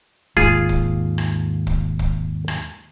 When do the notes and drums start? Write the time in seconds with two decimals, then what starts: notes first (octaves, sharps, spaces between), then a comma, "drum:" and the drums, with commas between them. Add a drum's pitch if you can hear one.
0.37 D#2 G#2 F4 G#4, drum: kick
0.69 drum: kick
1.18 drum: rim click
1.67 drum: kick
1.99 drum: kick
2.48 drum: rim click